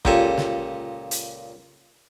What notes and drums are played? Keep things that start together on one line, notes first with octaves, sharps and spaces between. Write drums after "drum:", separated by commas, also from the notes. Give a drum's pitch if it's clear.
C#2 A#2 G4 A4 G#5, drum: kick
drum: snare
drum: hi-hat